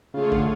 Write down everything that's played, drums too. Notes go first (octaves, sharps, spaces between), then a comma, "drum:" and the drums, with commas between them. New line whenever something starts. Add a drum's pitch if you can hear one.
C#3 A3 F4 G#4 C#5
D3, drum: kick A1